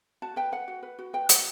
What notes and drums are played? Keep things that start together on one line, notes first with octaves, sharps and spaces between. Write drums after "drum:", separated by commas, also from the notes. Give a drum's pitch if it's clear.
F#4 A5
B4 G5
B4 F#5
F#4
B4
F#4
B4 G5
F#4 F#5, drum: hi-hat